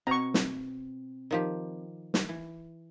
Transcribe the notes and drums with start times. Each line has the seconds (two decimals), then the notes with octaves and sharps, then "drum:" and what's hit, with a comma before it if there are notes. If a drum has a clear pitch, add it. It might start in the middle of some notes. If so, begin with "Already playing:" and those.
0.07 B2 C4 A#5 C#6
0.34 drum: snare
1.31 D#3 F3 G4
2.14 drum: snare
2.29 E3